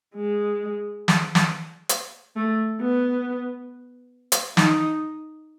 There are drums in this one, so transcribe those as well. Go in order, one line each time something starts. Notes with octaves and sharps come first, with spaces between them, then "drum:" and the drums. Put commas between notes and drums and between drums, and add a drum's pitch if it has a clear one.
G#3
drum: snare
drum: snare
drum: hi-hat
A3
B3
drum: hi-hat
D#4, drum: snare